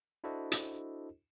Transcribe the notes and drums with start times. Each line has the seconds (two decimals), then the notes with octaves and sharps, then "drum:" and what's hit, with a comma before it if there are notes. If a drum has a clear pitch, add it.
0.24 D4 E4 F#4 A4 C5 D#5
0.52 drum: hi-hat